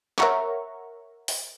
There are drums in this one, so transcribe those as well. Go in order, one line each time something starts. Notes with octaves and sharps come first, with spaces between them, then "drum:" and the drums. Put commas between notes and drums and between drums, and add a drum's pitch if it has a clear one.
A#4 C#5 E5 F#5 A#5 C#6, drum: clap
drum: open hi-hat